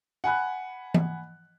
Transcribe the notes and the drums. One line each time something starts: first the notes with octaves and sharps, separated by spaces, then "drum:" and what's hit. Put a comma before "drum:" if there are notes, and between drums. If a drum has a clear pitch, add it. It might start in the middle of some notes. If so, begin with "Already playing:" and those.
F#5 G#5 B5 F#6
drum: tom E3